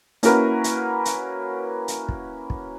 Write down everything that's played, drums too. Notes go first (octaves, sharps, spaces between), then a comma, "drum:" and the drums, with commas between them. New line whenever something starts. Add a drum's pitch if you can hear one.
A#3 C#4 E4 F#4 A#4 B4, drum: hi-hat
drum: hi-hat
drum: hi-hat
drum: hi-hat
drum: kick
drum: kick